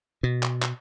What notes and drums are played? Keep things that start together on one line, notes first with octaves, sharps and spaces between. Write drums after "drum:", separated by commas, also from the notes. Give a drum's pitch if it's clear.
B2
drum: clap
drum: clap